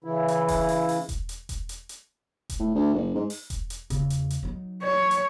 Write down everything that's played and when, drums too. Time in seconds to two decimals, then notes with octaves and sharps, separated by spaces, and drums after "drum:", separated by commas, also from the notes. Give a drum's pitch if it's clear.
0.04 C#3 E3 E4
0.28 drum: hi-hat
0.48 drum: kick E1, open hi-hat
0.69 drum: open hi-hat
0.89 drum: open hi-hat
1.09 drum: kick E1, hi-hat
1.29 drum: hi-hat
1.49 drum: kick E1, hi-hat
1.69 drum: hi-hat
1.89 drum: hi-hat
2.49 drum: kick E1, hi-hat
2.59 A2
2.75 D2
2.94 F#1
3.15 G#2
3.30 drum: open hi-hat
3.50 drum: kick E1, hi-hat
3.70 drum: hi-hat
3.90 E2 C#3, drum: kick E1, hi-hat
4.10 drum: hi-hat
4.30 drum: hi-hat
4.43 F#3 D#4
4.83 C#5
5.11 drum: hi-hat